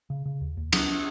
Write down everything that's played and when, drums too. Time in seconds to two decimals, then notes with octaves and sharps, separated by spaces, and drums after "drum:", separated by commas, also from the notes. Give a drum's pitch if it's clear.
0.10 C#3
0.26 C#3
0.41 D#2
0.57 D#2
0.73 C#2 F#3, drum: cymbal